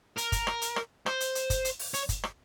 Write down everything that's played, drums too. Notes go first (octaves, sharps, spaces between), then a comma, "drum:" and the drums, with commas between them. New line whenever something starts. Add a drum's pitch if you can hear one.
A#4, drum: hi-hat
drum: kick F#1, hi-hat
drum: rim click
drum: hi-hat
drum: rim click
C5, drum: rim click
drum: hi-hat
drum: hi-hat
drum: kick F#1, hi-hat
drum: hi-hat
drum: open hi-hat
C#5, drum: hi-hat
drum: kick F#1, hi-hat
drum: rim click